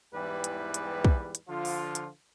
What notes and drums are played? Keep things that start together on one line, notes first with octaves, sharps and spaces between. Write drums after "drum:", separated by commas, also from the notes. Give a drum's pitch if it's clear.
E2 G#2 E3 G3 G4 B4
drum: hi-hat
drum: hi-hat
drum: kick
drum: hi-hat
D3 F3 F4
drum: open hi-hat
drum: hi-hat